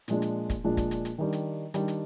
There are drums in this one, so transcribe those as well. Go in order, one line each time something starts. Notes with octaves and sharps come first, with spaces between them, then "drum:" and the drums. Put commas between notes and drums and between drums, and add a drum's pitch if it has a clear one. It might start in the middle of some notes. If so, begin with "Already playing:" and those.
A#2 F3 G#3 D4, drum: hi-hat
drum: hi-hat
drum: kick, hi-hat
A#2 F3 G#3 D4
drum: kick, hi-hat
drum: hi-hat
drum: hi-hat
D#3 G3 D4
drum: hi-hat
D#3 G3 D4, drum: hi-hat
drum: hi-hat